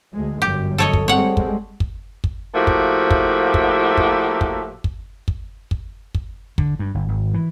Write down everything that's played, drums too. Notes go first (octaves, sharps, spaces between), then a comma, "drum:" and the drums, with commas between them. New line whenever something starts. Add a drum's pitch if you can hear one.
D2 G#3
G1 F#2 G4
A4 C#5 D#5
drum: kick
G3 G#3 C4 C#5 F#5
drum: kick
drum: kick
drum: kick
A2 F3 A#3 F#4 G4 E5
drum: kick
drum: kick
drum: kick
drum: kick
drum: kick
drum: kick
drum: kick
drum: kick
drum: kick
D3, drum: kick
G2
G1
G#1
E3